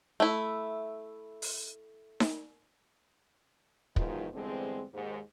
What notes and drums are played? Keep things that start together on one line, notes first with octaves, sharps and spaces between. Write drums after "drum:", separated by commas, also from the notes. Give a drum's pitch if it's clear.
A3 E4
drum: open hi-hat
drum: snare D#4
G#2 B2 D#3 E3 F#3 F4, drum: kick
E2 G2 D3 G#3 C4
D#2 G#2